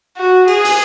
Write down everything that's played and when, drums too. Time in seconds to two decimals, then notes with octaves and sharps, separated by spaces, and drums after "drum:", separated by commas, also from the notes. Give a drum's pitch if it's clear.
0.17 F#4
0.48 G#4, drum: cymbal
0.64 drum: open hi-hat